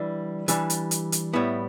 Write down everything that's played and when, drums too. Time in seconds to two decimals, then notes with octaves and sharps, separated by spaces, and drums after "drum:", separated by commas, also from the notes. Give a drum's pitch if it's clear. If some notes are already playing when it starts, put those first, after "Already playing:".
Already playing: E3 G3 D4
0.48 E3 G3 D4, drum: hi-hat
0.70 drum: hi-hat
0.91 drum: hi-hat
1.12 drum: hi-hat
1.33 A2 G3 B3 E4